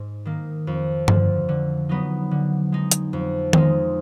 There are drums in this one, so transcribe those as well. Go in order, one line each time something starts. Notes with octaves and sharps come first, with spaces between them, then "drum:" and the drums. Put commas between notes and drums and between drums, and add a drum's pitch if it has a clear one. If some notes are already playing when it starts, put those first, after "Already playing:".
Already playing: G#2
D#3 A#3
F2
D3 F3, drum: tom G2
D3
F#3 B3 D#4
D3
G#3 D#4
drum: hi-hat
F2
F3 G#3 D#4, drum: tom D#3